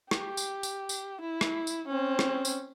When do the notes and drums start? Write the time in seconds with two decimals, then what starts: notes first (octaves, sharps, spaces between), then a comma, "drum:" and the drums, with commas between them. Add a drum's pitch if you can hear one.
0.11 G4, drum: rim click
0.37 drum: tambourine
0.63 drum: tambourine
0.89 drum: tambourine
1.21 E4
1.41 drum: rim click
1.67 drum: tambourine
1.88 C4 C#4
2.19 drum: rim click
2.45 drum: tambourine